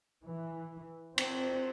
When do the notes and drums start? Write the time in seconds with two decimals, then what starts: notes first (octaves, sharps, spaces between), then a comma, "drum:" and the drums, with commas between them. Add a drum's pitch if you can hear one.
0.25 E3
1.18 C4, drum: cymbal